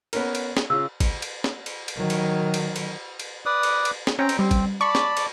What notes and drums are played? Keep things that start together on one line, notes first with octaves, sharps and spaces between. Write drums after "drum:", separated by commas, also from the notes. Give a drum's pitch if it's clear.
B3 C#4 A#4, drum: cymbal
drum: cymbal
drum: snare
C#3 F4 E6
drum: kick, cymbal
drum: cymbal
drum: snare
drum: cymbal
drum: cymbal
D#3 F#3
drum: cymbal
drum: cymbal
drum: cymbal
drum: cymbal
B4 D5 D#6
drum: cymbal
drum: cymbal
drum: snare
C4 C#4 G5 A#5
drum: cymbal
G3 C4
drum: kick, cymbal
D5 A5 B5 C#6
drum: snare
drum: cymbal